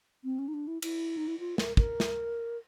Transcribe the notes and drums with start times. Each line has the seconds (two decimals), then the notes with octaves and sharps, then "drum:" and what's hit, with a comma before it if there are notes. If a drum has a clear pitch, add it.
0.24 C4
0.39 C#4
0.48 D#4
0.54 D4
0.67 E4
0.82 E4, drum: cymbal
1.17 D#4
1.28 E4
1.40 F4
1.58 A#4, drum: snare
1.77 A#4, drum: kick
2.00 drum: snare